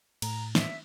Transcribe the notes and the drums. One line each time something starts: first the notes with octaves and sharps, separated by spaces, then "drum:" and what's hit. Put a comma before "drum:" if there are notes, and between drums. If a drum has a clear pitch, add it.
A2 A#5, drum: cymbal
E5, drum: snare